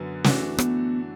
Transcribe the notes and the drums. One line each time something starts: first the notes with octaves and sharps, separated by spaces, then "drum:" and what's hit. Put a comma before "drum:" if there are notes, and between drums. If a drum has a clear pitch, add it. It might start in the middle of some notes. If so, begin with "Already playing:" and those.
Already playing: F#2 D3 B3 F#4
E3 A3 D4 F#4, drum: snare
B3, drum: rim click